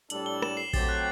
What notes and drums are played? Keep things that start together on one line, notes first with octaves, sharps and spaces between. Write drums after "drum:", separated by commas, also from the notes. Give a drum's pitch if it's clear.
A2 G3 D4 A4 F#7, drum: hi-hat
G7
E7, drum: rim click
C7
F#3 A3 C4 G4 A6, drum: kick A#1, open hi-hat
F#6